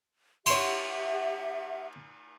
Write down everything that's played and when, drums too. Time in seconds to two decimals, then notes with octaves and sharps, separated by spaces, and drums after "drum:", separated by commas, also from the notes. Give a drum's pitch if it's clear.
0.46 G4 C#5 E5 F#5 C6, drum: cymbal